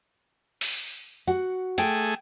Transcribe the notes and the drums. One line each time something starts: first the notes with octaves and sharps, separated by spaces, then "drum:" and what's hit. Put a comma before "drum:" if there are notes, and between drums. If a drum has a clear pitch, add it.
drum: open hi-hat
F#4 F#5
A3 G#4 G5, drum: hi-hat